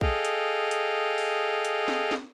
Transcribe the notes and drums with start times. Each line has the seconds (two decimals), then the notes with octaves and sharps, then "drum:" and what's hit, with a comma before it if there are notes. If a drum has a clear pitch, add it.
0.01 G#4 A4 D#5 F5 G5, drum: kick
0.25 drum: hi-hat
0.71 drum: hi-hat
1.18 drum: open hi-hat
1.65 drum: hi-hat
1.88 drum: snare
2.11 drum: snare